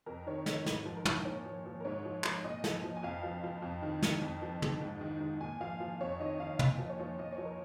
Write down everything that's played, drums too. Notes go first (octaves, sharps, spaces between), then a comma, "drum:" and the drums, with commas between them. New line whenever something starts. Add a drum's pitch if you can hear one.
F2 A#4
D#3 C#5
D#3 D#5, drum: snare
G#2 A#4, drum: snare
F3
A#4
F3, drum: tom
A#2 C#5
F3
F3
A#4
G#2 C#5
F3
F3, drum: clap
A#2 D#5
F3, drum: snare
F3
G#5
F2 F5
F3
F3
F2
D#3
D#3, drum: snare
F2
F3
F3, drum: tom
G#2
D#3
D#3
A#2 G#5
F3 F5
F3
F2 C#5
D#3 D#5
D#3 F5
A#2 D#5, drum: tom
F3
C#5
F3
A#2 D#5
C#5
F3
A#4